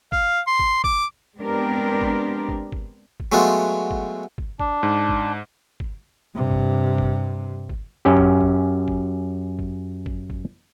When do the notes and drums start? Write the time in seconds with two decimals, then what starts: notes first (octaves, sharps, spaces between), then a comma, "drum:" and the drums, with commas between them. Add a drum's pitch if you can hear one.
0.12 F5, drum: kick
0.47 C6
0.59 drum: kick
0.84 D6, drum: kick
1.38 G#3 B3 C4 D4 G4 A#4
2.01 drum: kick
2.49 drum: kick
2.72 drum: kick
3.20 drum: kick
3.32 F#3 G#3 A3 B3 F4
3.91 drum: kick
4.38 drum: kick
4.60 D4, drum: kick
4.83 G#2
5.09 drum: kick
5.80 drum: kick
6.35 G2 C3
6.51 drum: kick
6.98 drum: kick
7.69 drum: kick
8.05 F#2 C#4 G4
8.17 drum: kick
8.40 drum: kick
8.88 drum: kick
9.59 drum: kick
10.06 drum: kick
10.30 drum: kick